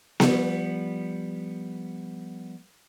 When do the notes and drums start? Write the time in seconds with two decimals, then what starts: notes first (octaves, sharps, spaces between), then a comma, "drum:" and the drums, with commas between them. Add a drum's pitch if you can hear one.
0.20 F3 G3 B3, drum: snare B3